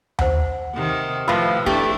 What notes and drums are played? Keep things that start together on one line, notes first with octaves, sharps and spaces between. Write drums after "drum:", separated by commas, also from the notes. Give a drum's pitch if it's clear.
C5 F#5, drum: tom D#2
C3 D#3
A2 F3 F4 B4 B5 E6
A3 D4 E4 G4, drum: kick